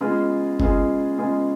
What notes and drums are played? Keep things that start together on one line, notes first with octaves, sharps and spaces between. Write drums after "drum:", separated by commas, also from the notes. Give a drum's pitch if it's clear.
C#3 G#3 B3 F4 G#4
C#3 G#3 B3 F4 G#4, drum: kick F#1
C#3 G#3 B3 F4 G#4